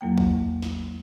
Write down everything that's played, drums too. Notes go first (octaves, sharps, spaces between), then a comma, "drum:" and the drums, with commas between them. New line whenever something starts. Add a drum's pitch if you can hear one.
E2 F#3 A#3 G5
drum: kick
drum: snare